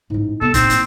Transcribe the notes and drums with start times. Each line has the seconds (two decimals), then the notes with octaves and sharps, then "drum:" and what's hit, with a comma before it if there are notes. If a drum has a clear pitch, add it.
0.10 A1 G#2
0.41 C3 B3 A4
0.54 A#2 C4 D#4, drum: kick F1, hi-hat
0.70 A1 D#2, drum: hi-hat